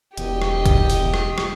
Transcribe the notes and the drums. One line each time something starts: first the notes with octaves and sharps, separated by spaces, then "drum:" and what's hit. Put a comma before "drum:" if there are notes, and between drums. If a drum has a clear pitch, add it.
E1 G4 D#5, drum: hi-hat
drum: rim click
drum: kick A#1, hi-hat
drum: open hi-hat
drum: rim click
drum: rim click